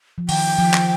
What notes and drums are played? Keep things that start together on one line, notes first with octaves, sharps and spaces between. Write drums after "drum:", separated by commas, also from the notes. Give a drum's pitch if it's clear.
F3
D#3 G5, drum: open hi-hat
F3
drum: clap